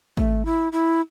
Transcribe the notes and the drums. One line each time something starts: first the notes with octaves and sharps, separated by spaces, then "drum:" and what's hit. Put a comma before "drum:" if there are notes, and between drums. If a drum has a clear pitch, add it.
A3, drum: kick G#1
E4
E4